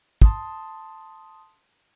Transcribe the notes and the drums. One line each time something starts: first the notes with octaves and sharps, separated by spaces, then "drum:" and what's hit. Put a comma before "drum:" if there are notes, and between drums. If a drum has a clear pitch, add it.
A5 C6 D#6, drum: kick